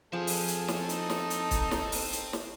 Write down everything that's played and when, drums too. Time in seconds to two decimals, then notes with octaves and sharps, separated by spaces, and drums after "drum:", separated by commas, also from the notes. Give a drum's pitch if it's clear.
0.13 F3 C4 G#4 A4 A5
0.27 drum: open hi-hat
0.48 drum: hi-hat
0.68 drum: snare
0.89 D#4, drum: hi-hat
1.10 drum: snare
1.30 drum: hi-hat
1.51 drum: kick, hi-hat
1.71 drum: snare
1.92 drum: open hi-hat
2.13 drum: hi-hat
2.33 drum: snare